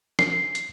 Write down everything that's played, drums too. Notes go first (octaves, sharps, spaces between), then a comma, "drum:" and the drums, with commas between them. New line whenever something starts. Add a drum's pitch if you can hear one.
C7, drum: snare
drum: hi-hat